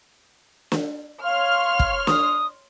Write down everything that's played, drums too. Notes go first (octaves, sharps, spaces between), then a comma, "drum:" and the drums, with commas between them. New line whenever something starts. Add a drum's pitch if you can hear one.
drum: snare
C#5 F5 C6 F6
drum: kick
D#6, drum: snare